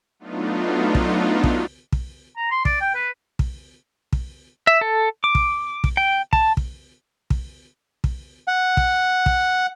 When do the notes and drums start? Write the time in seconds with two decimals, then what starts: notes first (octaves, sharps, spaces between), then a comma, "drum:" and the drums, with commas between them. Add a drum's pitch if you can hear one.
0.19 F#3 A3 B3 D4 D#4 F4
0.95 drum: kick
1.44 drum: kick
1.92 drum: kick
2.37 A#5
2.51 C6
2.65 D5, drum: kick
2.81 G5
2.95 B4
3.39 drum: kick
4.13 drum: kick
4.67 E5
4.81 A4
5.24 D6
5.35 drum: kick
5.84 drum: kick
5.97 G5
6.33 A5, drum: kick
6.57 drum: kick
7.30 drum: kick
8.04 drum: kick
8.48 F#5
8.77 drum: kick
9.26 drum: kick